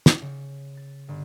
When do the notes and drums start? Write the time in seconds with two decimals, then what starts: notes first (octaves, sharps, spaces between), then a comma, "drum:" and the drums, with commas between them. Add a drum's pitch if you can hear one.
0.06 drum: snare
0.22 C#3
0.77 A6
1.08 G1